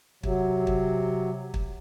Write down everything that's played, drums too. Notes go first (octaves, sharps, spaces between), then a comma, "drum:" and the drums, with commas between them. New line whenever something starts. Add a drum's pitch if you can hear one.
C3 F#3, drum: kick
drum: kick
drum: kick